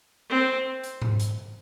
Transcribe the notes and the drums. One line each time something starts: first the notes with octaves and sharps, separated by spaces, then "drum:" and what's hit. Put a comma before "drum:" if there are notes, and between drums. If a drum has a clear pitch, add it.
C4
drum: hi-hat
drum: tom G#2
drum: hi-hat